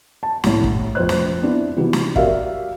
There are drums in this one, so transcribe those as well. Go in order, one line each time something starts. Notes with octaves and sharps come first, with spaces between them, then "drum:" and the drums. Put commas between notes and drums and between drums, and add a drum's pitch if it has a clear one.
A5
C2 A2, drum: snare
drum: kick
F1 A#1 C5 F#6
drum: snare
B3 C4 D4 E4
C3 E3 G3 B3 D#4 F#4
drum: snare
F#4 G4 A#4 D5 E5 F5, drum: kick